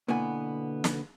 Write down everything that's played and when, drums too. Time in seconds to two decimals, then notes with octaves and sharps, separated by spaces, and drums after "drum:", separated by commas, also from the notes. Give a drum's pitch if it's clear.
0.08 B2 D3 A#3 B3 E4 G#5
0.84 drum: snare